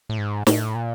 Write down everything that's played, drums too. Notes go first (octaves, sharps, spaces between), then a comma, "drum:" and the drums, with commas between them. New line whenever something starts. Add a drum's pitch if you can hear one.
A2
G#2
A2, drum: snare
A#2